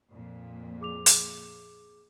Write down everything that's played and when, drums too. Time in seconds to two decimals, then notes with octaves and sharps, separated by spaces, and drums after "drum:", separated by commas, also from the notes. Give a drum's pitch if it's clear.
0.11 F2 A#2
0.81 G#4 D6 F7
1.06 drum: hi-hat